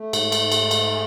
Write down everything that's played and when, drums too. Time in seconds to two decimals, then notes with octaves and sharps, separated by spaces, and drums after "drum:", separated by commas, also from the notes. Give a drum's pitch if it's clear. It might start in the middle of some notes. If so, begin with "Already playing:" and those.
Already playing: A3
0.13 G#2, drum: cymbal
0.32 drum: cymbal
0.52 drum: cymbal
0.71 drum: cymbal